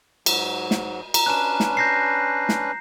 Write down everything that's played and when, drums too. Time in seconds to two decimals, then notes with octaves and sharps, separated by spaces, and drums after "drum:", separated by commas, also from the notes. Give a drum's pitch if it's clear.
0.26 G#2 F#3, drum: cymbal
0.71 drum: snare
1.14 A#5, drum: cymbal
1.26 C#4 D4 B4 F#6 E7
1.60 drum: snare
1.77 G6 A#6 C7
2.49 drum: snare